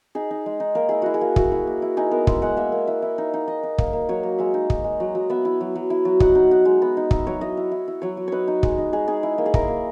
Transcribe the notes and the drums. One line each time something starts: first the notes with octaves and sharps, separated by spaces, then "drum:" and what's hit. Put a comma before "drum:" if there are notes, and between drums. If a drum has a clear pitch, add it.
D#4 G#4
D#4
G#3
D#4
A#3 A#4
E4 G#4
E4 F#4
G#4
A#3
E4 F#4, drum: kick
E4
A#3
E4
D#4 G#4
B3 A#4
G#3 E5, drum: kick
G#3 F#5
A#3 E5
A#3
E4 E5
E4
D#4
D#4
D#4 D#5
D#4
A#3, drum: kick
A#3
F#3 C#5
A#3
G#3 E5
D#4
D#4, drum: kick
G#3
F#3
F#3
B3 E5
E4
F#3
F#3
E4
F#3
D#4 F#5, drum: kick
D#4
D#4 F#5
G#3
B3
D#4
D#4 E5, drum: kick
F#3 C#5
E4 D#5
E4
E4
E4
F#3 C#5
F#3
D#4 B4 C#5
D#4
G#3, drum: kick
D#4
G#3 G#4
D#4 G#4
E4
A#3
G#4
E4 A#4, drum: kick
A#3